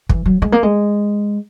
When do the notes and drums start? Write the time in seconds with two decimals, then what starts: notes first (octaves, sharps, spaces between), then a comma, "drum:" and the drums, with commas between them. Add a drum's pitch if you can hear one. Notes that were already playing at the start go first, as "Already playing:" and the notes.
0.09 E3, drum: kick
0.26 F#3
0.42 G#3
0.52 A#3
0.63 G#3